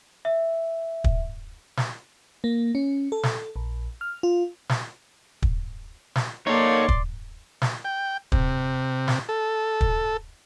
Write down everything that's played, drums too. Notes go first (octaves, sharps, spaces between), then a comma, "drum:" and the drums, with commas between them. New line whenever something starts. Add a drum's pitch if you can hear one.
E5
drum: kick
drum: snare
A#3
C#4
A4
drum: snare
A#1
F6
F4
drum: snare
drum: kick
drum: snare
A#3 D#4 A4 C#5 D5 C6
drum: kick
drum: snare
G5
C3, drum: kick
drum: snare
A4
drum: kick